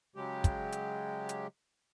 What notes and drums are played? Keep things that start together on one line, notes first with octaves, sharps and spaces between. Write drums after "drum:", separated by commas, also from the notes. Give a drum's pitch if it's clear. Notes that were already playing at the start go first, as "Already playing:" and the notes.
C#3 F#3 G#3 G4
drum: kick, hi-hat
drum: hi-hat
drum: hi-hat